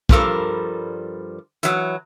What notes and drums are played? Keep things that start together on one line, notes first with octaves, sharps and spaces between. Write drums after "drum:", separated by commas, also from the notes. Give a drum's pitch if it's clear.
G2 F3 G3 A4 A#4, drum: kick
E3 F#3, drum: hi-hat